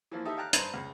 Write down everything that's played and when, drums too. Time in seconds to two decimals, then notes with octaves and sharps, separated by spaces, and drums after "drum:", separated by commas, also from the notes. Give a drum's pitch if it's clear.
0.11 E3 F3 A#3
0.25 D#4 G4 A4 E5
0.37 F5 G5 A5 A#5 F#6
0.53 G2 B4 C5 A5 A#5, drum: hi-hat
0.74 C#2